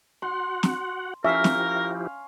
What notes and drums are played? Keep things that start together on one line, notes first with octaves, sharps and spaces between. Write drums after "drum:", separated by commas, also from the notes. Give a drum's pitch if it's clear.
F#4 F#5 C6
drum: snare
F3 C#4 E4 G4 A#4 E5 F5
drum: snare